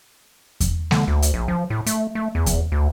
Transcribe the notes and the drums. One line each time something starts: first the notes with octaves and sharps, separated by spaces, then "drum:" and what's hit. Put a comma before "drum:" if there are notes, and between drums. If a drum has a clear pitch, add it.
drum: kick E2, hi-hat
D3, drum: snare G#3
D2
drum: hi-hat
A#1
F3
A2
A3, drum: hi-hat
A3
E2
drum: kick E2, hi-hat
D2